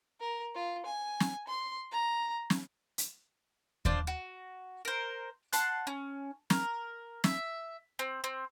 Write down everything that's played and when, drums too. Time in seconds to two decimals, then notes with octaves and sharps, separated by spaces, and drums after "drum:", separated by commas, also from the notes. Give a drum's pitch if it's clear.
0.20 A#4
0.55 F4
0.86 G#5
1.20 drum: snare
1.48 C6
1.92 A#5
2.50 drum: snare
2.98 drum: hi-hat
3.85 D4 F4 C5 D5, drum: kick D#2
4.07 F#4
4.85 A#4 C5
5.53 F#5 A5 C6 F#6, drum: hi-hat
5.87 C#4
6.50 A#4, drum: snare
7.24 E5, drum: snare
7.99 C4
8.24 C4